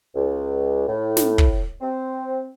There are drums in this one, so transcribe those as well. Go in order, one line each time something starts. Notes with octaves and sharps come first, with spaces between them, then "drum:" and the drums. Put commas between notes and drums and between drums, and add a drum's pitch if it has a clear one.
C#2
A2
drum: snare
drum: kick
C4